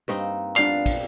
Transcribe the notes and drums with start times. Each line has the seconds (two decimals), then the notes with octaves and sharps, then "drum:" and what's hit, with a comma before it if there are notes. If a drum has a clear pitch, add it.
0.08 G2 A#3 C4 D#4 B4
0.56 F3 G3 B3 D4 D5 F5, drum: clap
0.86 drum: kick, cymbal